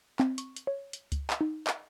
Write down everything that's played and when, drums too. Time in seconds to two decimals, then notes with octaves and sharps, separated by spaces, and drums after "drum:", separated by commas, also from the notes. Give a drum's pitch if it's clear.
0.20 C4, drum: clap
0.38 C#6, drum: hi-hat
0.56 drum: hi-hat
0.67 C#5
0.93 drum: hi-hat
1.12 drum: kick C#2, hi-hat
1.30 drum: clap
1.41 D#4
1.67 drum: clap